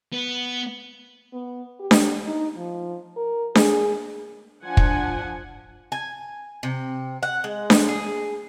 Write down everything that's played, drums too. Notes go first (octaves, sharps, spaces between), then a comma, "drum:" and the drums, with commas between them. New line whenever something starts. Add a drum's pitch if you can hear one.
B3
B3
G4
drum: snare D4
D#4
F3
A#4
G#4, drum: snare D4
F3 D4 F#5 G#5
drum: kick
G#5
C3
F#5
G#3
drum: snare D4
G#4